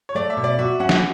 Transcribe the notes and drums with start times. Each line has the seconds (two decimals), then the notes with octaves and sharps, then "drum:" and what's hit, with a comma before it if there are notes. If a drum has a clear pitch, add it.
0.09 C#5
0.15 A3 D5
0.30 E5
0.37 B2
0.44 D5
0.59 F#4 E5
0.80 C#4 F#5
0.89 drum: snare